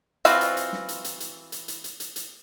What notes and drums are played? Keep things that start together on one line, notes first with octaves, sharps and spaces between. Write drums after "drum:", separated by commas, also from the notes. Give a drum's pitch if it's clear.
E3 C4 F4 F#4, drum: hi-hat
drum: hi-hat
drum: hi-hat
drum: snare
drum: hi-hat
drum: hi-hat
drum: hi-hat
drum: hi-hat
drum: hi-hat
drum: hi-hat
drum: hi-hat
drum: hi-hat